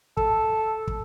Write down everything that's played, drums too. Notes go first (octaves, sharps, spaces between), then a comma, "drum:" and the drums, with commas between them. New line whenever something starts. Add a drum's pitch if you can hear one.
A4, drum: kick
drum: kick